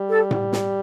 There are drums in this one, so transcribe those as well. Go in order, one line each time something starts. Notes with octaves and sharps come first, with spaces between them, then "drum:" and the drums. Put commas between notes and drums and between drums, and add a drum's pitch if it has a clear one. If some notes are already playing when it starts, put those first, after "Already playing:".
Already playing: G3
A4
drum: tom A2
drum: snare